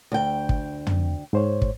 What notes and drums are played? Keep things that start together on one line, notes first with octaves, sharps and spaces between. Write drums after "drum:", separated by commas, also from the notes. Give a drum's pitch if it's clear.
D2 G5
drum: kick
drum: tom
G#2 C5 C#5
drum: kick